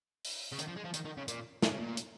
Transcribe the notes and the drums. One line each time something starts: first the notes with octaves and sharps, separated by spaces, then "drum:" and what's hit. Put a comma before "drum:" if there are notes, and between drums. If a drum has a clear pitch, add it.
drum: open hi-hat
C#3
D#3, drum: hi-hat
F3
G#3
F3
D#3, drum: hi-hat
D#3
C#3
A#2, drum: hi-hat
A#2, drum: snare
C#3
A#2
drum: hi-hat